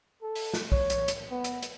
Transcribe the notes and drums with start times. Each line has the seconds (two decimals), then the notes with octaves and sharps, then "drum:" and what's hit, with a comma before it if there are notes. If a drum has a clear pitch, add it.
0.23 A4
0.35 drum: open hi-hat
0.54 drum: snare
0.72 C#5, drum: kick
0.90 drum: hi-hat
1.08 drum: hi-hat
1.31 B3
1.44 drum: hi-hat
1.63 drum: hi-hat